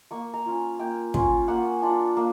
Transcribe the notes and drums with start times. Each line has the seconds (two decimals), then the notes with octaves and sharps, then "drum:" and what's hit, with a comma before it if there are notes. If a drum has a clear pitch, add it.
0.11 A#3 C#6
0.34 A#5
0.46 C#4 F4
0.79 A#3 G5
1.14 C#4 F4, drum: kick
1.48 A#3 F#5
1.82 D4 F4
2.17 A#3